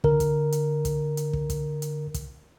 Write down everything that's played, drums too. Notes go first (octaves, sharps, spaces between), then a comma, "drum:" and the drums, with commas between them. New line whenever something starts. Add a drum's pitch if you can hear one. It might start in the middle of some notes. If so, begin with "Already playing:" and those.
D3 A#4, drum: kick
drum: kick, hi-hat
drum: hi-hat
drum: kick, hi-hat
drum: hi-hat
drum: kick
drum: kick, hi-hat
drum: hi-hat
drum: kick, hi-hat